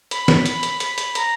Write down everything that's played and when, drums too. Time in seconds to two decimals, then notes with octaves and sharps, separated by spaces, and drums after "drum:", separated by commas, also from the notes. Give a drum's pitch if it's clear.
0.11 B5, drum: hi-hat
0.28 drum: snare
0.46 drum: hi-hat
0.63 drum: hi-hat
0.80 drum: hi-hat
0.98 drum: hi-hat
1.15 A#5, drum: hi-hat